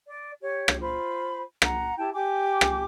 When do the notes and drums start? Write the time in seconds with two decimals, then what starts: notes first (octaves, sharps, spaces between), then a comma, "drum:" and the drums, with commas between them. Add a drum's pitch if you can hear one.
0.07 D5
0.42 G4 C#5
0.68 drum: rim click
0.80 F4 C5 B5
1.62 F#5 A#5, drum: rim click
1.97 E4 G4 G5 A5
2.13 G4 G#5 D6
2.61 drum: rim click